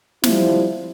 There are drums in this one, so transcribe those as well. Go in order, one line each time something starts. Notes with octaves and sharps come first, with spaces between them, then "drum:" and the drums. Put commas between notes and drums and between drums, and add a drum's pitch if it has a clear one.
F3 G3 C4 E4, drum: snare